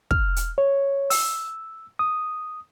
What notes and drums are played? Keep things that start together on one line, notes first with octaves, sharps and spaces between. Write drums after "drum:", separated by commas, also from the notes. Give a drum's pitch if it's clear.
F6, drum: kick
drum: hi-hat
C#5
E6, drum: open hi-hat
D#6